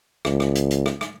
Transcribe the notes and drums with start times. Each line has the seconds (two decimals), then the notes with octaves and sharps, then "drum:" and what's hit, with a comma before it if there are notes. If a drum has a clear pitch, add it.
0.25 C#2, drum: rim click
0.40 drum: rim click
0.55 drum: hi-hat
0.71 drum: hi-hat
0.86 drum: rim click
1.01 drum: rim click